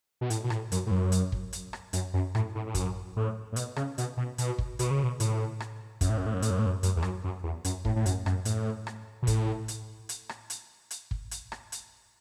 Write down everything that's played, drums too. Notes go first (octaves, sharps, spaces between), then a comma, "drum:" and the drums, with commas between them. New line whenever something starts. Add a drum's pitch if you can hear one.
B2
A2, drum: hi-hat
B2
A2, drum: rim click
F#2, drum: hi-hat
A2
F#2
drum: hi-hat
drum: kick
drum: hi-hat
drum: rim click
F#2, drum: hi-hat
F#2
A2, drum: rim click
A2
A2
F#2, drum: kick, hi-hat
A2
A2
B2, drum: hi-hat
C#3, drum: rim click
B2, drum: hi-hat
B2
B2, drum: hi-hat
drum: kick
B2, drum: hi-hat
C#3
B2
A2, drum: hi-hat
drum: rim click
F#2, drum: kick, hi-hat
A2
F#2
A2
F#2
A2, drum: hi-hat
F#2
A2
F#2
F#2, drum: hi-hat
E2
F#2, drum: rim click
F#2
E2
F#2, drum: hi-hat
A2, drum: kick
A2
F#2, drum: hi-hat
F#2, drum: rim click
A2, drum: hi-hat
drum: rim click
B2
A2, drum: kick, hi-hat
drum: hi-hat
drum: hi-hat
drum: rim click
drum: hi-hat
drum: hi-hat
drum: kick
drum: hi-hat
drum: rim click
drum: hi-hat